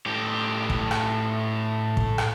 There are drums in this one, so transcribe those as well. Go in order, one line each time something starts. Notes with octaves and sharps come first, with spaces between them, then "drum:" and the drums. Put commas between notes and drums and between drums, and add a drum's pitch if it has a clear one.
A2 G4
drum: kick
drum: rim click
drum: kick
drum: rim click